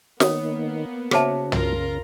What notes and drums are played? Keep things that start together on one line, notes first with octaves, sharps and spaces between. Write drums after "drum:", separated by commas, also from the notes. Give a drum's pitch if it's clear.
D#3 A#3 B3 C#5 D#6, drum: snare
C#3 F#4 G#4 C5 C#5 E5 A5, drum: rim click
F4 A#4 A#5, drum: tom